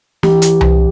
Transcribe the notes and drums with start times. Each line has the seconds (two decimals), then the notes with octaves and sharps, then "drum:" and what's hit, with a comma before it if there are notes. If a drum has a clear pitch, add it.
0.23 E3 G4, drum: snare
0.42 drum: hi-hat
0.61 drum: tom C2